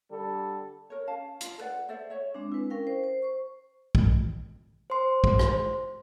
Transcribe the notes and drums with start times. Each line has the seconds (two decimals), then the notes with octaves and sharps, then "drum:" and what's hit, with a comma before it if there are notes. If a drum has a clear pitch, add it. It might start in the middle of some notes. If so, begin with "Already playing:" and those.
0.11 D3 G3 A4
0.90 A#4 C#5
1.07 C#4 F5 A5
1.41 F4, drum: hi-hat
1.58 A4 B4 D5 F#5
1.89 A4 C5 D5 E5
2.10 C#5 E5
2.34 G#3 C4 D4
2.52 E4 B4
2.70 C#4 A#4 F5 G5
2.87 C5
3.04 C5
3.22 C5 C#6
3.95 drum: kick
4.90 C5 C6
5.24 drum: kick
5.39 drum: rim click